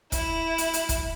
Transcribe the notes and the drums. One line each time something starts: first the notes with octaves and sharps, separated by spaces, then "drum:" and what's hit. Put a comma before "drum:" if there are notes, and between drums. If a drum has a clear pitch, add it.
E4, drum: kick, hi-hat
drum: hi-hat
drum: hi-hat
drum: kick, hi-hat